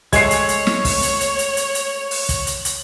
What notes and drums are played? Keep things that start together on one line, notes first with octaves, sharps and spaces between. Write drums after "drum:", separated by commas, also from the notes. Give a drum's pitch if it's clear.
G#3 A3 C#5 F#5 G#6 C7, drum: kick, hi-hat
drum: hi-hat
drum: hi-hat
drum: snare
drum: kick, open hi-hat
drum: hi-hat
drum: hi-hat
drum: hi-hat
drum: hi-hat
drum: hi-hat
drum: open hi-hat
drum: kick, hi-hat
drum: hi-hat
drum: hi-hat